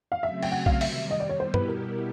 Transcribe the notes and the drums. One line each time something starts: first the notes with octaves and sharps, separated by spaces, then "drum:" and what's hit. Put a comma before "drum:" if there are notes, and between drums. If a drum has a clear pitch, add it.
F5
C#3 F#3 A3 C4 E5
G5, drum: cymbal
F#5
F5, drum: kick B1
C3 D#3 G3 E5, drum: open hi-hat
D#5
D5
C#5
B2 G3 B3 E4 G4 C5
B4, drum: tom
A#4